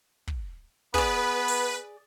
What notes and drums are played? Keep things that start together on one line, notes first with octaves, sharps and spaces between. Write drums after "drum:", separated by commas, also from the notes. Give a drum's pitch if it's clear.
drum: kick
B3 G#4 B4 D5, drum: kick
drum: open hi-hat